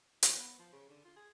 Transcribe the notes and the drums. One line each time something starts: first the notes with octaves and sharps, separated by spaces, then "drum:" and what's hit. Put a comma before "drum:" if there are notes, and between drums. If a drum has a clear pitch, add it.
E3, drum: hi-hat
B3
F3
C#3
D3
F4
G#4